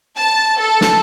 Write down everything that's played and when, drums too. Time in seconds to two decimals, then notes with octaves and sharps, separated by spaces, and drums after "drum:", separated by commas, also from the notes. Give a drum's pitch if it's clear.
0.17 A5
0.61 A4
0.81 drum: snare